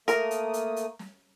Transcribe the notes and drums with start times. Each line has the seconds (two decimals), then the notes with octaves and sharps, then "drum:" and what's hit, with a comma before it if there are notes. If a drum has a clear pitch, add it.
0.08 A3 A#3 A#4 D#6, drum: hi-hat
0.31 drum: hi-hat
0.54 drum: hi-hat
0.76 drum: hi-hat
0.99 drum: snare